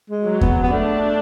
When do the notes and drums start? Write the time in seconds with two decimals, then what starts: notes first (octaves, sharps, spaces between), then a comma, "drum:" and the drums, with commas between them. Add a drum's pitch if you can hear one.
0.10 G#3
0.25 F#3
0.41 B3, drum: kick E2
0.63 B3
0.73 A3 D4